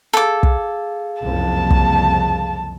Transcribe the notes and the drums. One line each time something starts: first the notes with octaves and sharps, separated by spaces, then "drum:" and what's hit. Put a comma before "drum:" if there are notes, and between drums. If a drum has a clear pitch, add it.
G#4 A4 F5 D6
drum: kick
F#1 C2 F2 A5
drum: kick